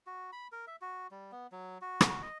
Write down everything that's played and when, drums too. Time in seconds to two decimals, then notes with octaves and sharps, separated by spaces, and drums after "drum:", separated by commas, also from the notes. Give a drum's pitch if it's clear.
0.06 F#4
0.32 B5
0.52 A#4
0.67 E5
0.81 F#4
1.11 G3
1.32 B3
1.52 F#3
1.81 F#4
2.01 drum: rim click
2.22 D#5